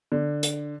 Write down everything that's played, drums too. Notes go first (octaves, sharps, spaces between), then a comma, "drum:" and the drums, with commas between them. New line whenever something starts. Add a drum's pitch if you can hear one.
D3
drum: hi-hat